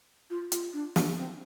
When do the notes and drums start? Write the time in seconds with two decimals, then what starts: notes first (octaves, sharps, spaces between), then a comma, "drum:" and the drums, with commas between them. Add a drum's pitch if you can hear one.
0.30 F4
0.52 F4, drum: hi-hat
0.73 D4
0.96 D4, drum: snare
1.17 C4